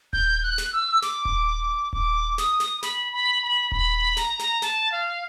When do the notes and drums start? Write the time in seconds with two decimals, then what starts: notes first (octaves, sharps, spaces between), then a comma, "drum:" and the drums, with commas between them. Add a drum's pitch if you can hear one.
0.13 G6, drum: kick D#1
0.43 F#6
0.58 drum: snare
0.73 E6
1.02 D6, drum: snare
1.25 drum: kick D#1
1.93 D6, drum: kick D#1
2.38 D#6, drum: snare
2.60 drum: snare
2.83 B5, drum: snare
3.13 B5
3.43 B5
3.72 B5, drum: kick D#1
4.17 A#5, drum: snare
4.39 drum: snare
4.62 A5, drum: snare
4.92 F5